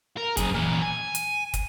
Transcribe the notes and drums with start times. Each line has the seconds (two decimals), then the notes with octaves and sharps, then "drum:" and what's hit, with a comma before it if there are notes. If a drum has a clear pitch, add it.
0.17 A#4
0.37 F#2 G#4, drum: kick, hi-hat
0.54 A#2 E3
0.82 G#5
1.15 drum: hi-hat
1.54 drum: kick, hi-hat